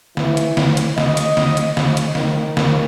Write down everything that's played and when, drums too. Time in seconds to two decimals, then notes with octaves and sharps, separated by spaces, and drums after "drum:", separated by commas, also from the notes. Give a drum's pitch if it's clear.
0.17 E3, drum: snare
0.37 drum: hi-hat
0.57 drum: snare
0.77 drum: hi-hat
0.98 D#5, drum: snare
1.17 drum: hi-hat
1.37 drum: snare
1.57 drum: hi-hat
1.77 drum: snare
1.97 drum: hi-hat
2.15 D#3, drum: snare
2.57 drum: snare